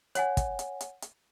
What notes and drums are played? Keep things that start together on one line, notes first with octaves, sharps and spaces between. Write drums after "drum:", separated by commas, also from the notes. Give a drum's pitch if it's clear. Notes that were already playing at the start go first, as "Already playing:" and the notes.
C#5 F#5 G#5, drum: hi-hat
drum: kick, hi-hat
drum: hi-hat
drum: hi-hat
drum: hi-hat